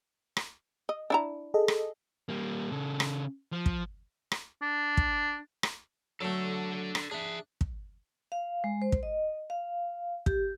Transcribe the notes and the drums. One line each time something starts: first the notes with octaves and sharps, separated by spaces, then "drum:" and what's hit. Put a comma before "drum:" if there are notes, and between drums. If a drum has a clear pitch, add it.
drum: rim click
D#5
D4 E4 A#5
G#4 A4 D#5
drum: rim click
G3 A#3
C#3 A4
drum: rim click
F3
drum: kick
drum: rim click
D4
drum: kick
drum: rim click
F#3 A3 D4 A4
drum: rim click
D4 G#4 E5
drum: kick
F5
G#3
C5
drum: kick
D#5
F5
G4, drum: kick